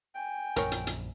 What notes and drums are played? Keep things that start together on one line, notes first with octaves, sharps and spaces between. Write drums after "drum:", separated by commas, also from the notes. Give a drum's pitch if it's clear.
G5 G#5
A#1 F#2 A#4 C#5, drum: hi-hat
drum: hi-hat
drum: hi-hat